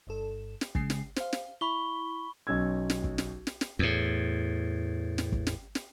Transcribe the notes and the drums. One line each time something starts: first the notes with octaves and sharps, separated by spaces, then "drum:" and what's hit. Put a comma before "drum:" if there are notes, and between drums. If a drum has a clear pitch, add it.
G1 G2 A4
drum: snare
C#3 G#3 C7, drum: kick
drum: snare
C5 F5, drum: snare
drum: snare
E4 B5 C#6 G7
B1 C#4 E6 G#6
drum: snare
drum: kick
drum: snare
drum: snare
drum: snare
E2 A2
drum: snare
drum: kick
drum: snare
drum: snare